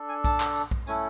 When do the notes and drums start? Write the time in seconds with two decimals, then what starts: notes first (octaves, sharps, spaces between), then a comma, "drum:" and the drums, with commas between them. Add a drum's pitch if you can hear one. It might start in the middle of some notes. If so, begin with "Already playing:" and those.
Already playing: D4 A4
0.09 G#5
0.24 A5, drum: kick A#1, tambourine
0.40 drum: clap
0.56 drum: tambourine
0.71 drum: kick A#1
0.87 A3 C#4 E4 A4 G#5, drum: tambourine